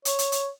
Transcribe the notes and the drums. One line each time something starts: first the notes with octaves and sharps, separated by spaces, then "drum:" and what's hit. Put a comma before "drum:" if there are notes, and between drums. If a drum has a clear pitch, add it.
C#5, drum: hi-hat
drum: hi-hat
drum: hi-hat